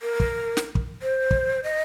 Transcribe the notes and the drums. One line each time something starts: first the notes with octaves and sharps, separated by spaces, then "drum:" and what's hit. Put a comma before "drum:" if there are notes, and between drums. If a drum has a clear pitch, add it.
A#4
drum: kick
drum: snare
drum: kick
C5
drum: kick
D#5